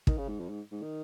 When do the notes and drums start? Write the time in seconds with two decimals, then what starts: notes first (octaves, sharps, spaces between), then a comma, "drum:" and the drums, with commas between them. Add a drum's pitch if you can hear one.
0.07 D#3, drum: kick
0.18 C#3
0.28 G#2
0.40 F2
0.49 G#2
0.71 G#2
0.82 D#3